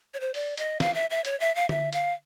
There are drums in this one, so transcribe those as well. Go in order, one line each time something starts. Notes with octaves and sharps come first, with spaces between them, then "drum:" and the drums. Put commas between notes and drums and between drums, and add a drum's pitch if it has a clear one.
C#5
C5
D5, drum: open hi-hat
D#5, drum: hi-hat
F5, drum: snare
E5
E5
C#5, drum: hi-hat
E5
F5
E5, drum: tom D3
F5, drum: hi-hat